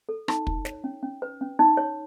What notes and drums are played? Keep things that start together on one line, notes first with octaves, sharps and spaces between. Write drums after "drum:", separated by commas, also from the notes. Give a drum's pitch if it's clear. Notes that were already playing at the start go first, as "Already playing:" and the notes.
A4
D#4, drum: rim click
D#4, drum: kick
C#5, drum: snare
C#4
C#4
B4
C#4
D#4
C#5